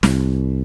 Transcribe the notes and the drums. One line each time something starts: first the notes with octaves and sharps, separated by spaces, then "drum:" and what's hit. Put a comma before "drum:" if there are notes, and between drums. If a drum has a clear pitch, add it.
C2, drum: snare